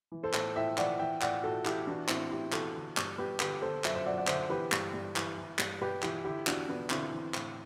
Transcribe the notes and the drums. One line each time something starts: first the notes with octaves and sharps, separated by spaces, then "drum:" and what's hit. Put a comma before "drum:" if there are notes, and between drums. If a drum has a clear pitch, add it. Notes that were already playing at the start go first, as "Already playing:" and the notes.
E3
A4 C5
A2 A4 C5, drum: clap
A2 E5 G5
E3 D5 F#5, drum: clap
E3 E5 G5
A2 D5 F#5, drum: clap
A2 F#4 A4
E3 E4 G4, drum: clap
E3 D4 F#4
A2 C4 E4, drum: clap
A2 E4 G4
E3 F#4 A4, drum: clap
D3
G2, drum: clap
G2 G4 B4
D3 G4 B4, drum: clap
D3 A4 C5
F#2 C5 E5, drum: clap
C5 E5
F#2 D5 F#5
D5 F#5
D3 C5 E5, drum: clap
E3 G4 B4
G2, drum: clap
G2
E3, drum: clap
E3
G2, drum: clap
G2 G4 B4
E3 E4 G4, drum: clap
D3 E4 G4
E2 D4 F#4, drum: clap
E2 B3 D4
D3 C4 E4, drum: clap
E3
A2, drum: clap